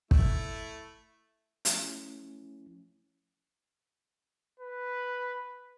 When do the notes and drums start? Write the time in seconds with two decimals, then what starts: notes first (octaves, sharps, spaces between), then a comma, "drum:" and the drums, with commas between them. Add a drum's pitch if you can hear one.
0.11 A3 E4, drum: kick
1.65 F3 A3 C#4 E4, drum: hi-hat
4.60 B4